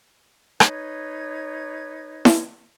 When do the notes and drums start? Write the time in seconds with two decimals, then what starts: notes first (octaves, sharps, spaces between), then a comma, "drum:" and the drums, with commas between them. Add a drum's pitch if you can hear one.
0.60 D#4 B4 C#5 G#6, drum: rim click
2.25 drum: snare E4